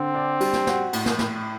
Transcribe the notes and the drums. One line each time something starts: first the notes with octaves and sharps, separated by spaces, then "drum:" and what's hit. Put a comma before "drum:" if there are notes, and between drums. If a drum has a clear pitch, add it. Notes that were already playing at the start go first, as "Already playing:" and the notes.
Already playing: D3 C4
D4
G3, drum: cymbal
drum: snare
F#4, drum: snare
A2, drum: cymbal
drum: snare
A2, drum: snare